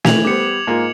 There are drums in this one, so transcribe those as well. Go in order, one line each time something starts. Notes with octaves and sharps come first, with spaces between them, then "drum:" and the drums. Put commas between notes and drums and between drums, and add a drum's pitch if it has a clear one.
D#3 E3 G#6 F7 F#7, drum: snare
G3 B3 C5 D6 C#7
G#2 A#3 F4